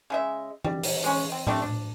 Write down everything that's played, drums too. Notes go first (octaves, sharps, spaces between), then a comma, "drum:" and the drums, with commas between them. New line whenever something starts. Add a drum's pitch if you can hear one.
C#3 G#3 E5
G3, drum: tom E3
drum: open hi-hat
G#3 C#4
C4
G3 A3 C4 D4, drum: tom A2
D4